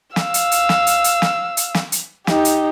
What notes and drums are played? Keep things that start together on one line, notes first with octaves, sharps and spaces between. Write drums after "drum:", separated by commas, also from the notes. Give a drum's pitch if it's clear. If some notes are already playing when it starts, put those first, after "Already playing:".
F5 E6, drum: snare
drum: hi-hat
drum: hi-hat
drum: snare
drum: hi-hat
drum: hi-hat
drum: snare
drum: hi-hat
drum: snare
drum: hi-hat
D#4 G4, drum: snare
drum: hi-hat